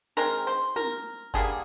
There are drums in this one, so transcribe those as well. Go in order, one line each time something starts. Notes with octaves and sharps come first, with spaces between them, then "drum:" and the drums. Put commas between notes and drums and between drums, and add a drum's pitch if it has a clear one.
D#3 G#3 C4 A#4
C5
A#4, drum: tom
D3 G3 A#3 G#4, drum: kick F#1